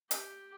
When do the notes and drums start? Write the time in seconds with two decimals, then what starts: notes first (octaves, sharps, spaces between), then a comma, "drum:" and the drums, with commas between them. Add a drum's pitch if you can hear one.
0.11 G4, drum: hi-hat